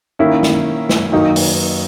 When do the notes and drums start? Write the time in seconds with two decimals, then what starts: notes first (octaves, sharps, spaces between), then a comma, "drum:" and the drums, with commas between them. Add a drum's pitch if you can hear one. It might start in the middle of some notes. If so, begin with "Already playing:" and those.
0.19 D#3 A#3 C#4 E4
0.43 drum: snare
0.89 drum: snare
1.12 F#2 D#3 A#3 D#4
1.36 drum: open hi-hat